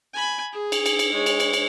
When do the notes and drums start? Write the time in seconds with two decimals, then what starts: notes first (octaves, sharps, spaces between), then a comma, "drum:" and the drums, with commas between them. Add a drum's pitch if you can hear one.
0.13 G#5 B5
0.52 G#4
0.72 drum: cymbal
0.86 drum: cymbal
0.99 drum: cymbal
1.13 G#3 C#5
1.26 drum: cymbal
1.40 drum: cymbal
1.53 drum: cymbal